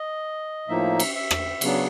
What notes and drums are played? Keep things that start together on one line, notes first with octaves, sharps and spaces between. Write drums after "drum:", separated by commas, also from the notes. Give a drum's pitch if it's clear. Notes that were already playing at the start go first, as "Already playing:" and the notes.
Already playing: D#5
A2 F3 A#3 D#4 E5
drum: cymbal
E5
drum: rim click
C#3 F#3 B3 D4, drum: cymbal